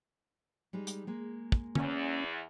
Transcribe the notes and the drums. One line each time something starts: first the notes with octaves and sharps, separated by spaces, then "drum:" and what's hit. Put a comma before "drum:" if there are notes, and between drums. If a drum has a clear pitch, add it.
G3 G#3 D#4
drum: hi-hat
G#3 A#3
drum: kick
E2 C#4, drum: tom